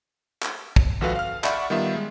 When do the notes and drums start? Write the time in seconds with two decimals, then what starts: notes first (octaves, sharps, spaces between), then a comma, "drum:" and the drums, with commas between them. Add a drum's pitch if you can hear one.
0.43 drum: clap
0.76 drum: kick
1.01 G#1 F3 F#4 A4 B4 F5
1.15 F5 F6
1.44 D5 E5 F#5 B5 C#6, drum: clap
1.70 D#3 G3 B3 F4 E5
1.95 G#3